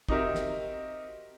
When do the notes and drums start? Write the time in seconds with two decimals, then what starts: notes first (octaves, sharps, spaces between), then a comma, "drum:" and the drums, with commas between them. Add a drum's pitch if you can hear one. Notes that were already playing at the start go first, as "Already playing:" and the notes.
0.09 C4 D#4 F#4 G4 A#4 E5, drum: kick
0.35 drum: snare